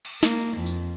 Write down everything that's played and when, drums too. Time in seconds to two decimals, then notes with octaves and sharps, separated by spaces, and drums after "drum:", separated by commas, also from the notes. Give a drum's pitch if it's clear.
0.05 drum: cymbal
0.23 A#3, drum: snare
0.57 F2
0.66 drum: tambourine